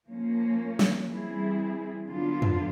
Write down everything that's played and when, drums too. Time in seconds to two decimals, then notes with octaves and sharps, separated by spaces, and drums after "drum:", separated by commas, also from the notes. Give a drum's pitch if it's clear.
0.09 F3 A#3 C#4
0.79 drum: snare
1.08 E3 G3 C4 E4 G#4
2.08 D3 F#3 B3 D4 F4
2.42 drum: tom F2